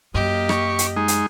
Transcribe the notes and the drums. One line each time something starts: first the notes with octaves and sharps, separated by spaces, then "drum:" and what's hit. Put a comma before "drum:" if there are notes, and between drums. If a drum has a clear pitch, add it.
F#2 A#3 G4 D#5
C#6, drum: rim click
drum: hi-hat
G#3 D#4
drum: hi-hat